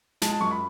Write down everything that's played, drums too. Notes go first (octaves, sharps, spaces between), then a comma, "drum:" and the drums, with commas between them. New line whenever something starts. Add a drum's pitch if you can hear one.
G#3 A5, drum: snare
A5
F#2 C#6
B5